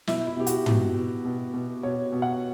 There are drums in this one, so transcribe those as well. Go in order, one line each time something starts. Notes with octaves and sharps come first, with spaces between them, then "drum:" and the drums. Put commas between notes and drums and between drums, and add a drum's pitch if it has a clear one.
B2 E4, drum: snare
E4
B2 G4
F#4, drum: hi-hat
B2, drum: tom
B2
B2
B2
B2 C#5
B2
F#5